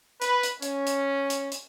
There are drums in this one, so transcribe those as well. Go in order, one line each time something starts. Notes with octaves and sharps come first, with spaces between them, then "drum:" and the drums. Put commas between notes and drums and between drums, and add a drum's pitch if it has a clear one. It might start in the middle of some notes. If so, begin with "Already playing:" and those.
B4, drum: hi-hat
drum: hi-hat
C#4, drum: hi-hat
drum: hi-hat
drum: hi-hat
drum: hi-hat